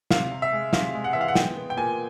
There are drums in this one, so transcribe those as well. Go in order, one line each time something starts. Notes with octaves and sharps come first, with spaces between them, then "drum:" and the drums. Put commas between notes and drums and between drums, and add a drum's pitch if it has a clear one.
C3 F5, drum: snare
C3
E5
G#3
C3 F5, drum: snare
G#3
F#5
E3 E5
F5
F#5
B3 G5, drum: snare
B3
G5
A#2 G#5